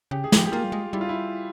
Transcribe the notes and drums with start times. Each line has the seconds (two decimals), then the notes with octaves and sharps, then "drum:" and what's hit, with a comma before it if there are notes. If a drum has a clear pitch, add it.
0.11 C#3 G4
0.24 G#4
0.32 F3 G4, drum: snare
0.46 G4
0.52 A#3 F4
0.64 G3
0.72 G#3
0.93 G3 E4
1.01 F4
1.09 E4